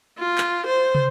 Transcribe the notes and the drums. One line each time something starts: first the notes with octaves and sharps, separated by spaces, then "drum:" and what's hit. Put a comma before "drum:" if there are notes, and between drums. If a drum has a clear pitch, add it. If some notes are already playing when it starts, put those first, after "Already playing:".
F4
drum: clap
C5
drum: tom